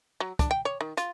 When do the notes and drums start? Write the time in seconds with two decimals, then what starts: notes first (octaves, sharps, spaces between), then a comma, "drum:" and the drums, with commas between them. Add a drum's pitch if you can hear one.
0.20 F#3
0.39 D4, drum: kick, hi-hat
0.51 G5
0.65 C#5
0.81 D#3
0.97 F4, drum: hi-hat